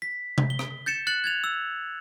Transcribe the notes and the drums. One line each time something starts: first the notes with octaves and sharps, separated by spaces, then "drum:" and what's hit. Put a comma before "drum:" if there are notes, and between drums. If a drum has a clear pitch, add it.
B6
drum: tom C3
G7
drum: rim click
G6 A6 C#7 E7
F#6 A6 C#7 F#7
G#6 A6 F7
E6